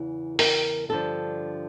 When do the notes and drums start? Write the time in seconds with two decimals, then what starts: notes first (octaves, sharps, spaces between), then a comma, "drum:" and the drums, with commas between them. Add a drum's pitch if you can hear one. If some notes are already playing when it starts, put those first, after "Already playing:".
Already playing: E2 C#3 E3
0.39 A#4, drum: open hi-hat
0.89 G2 D3 F3 A4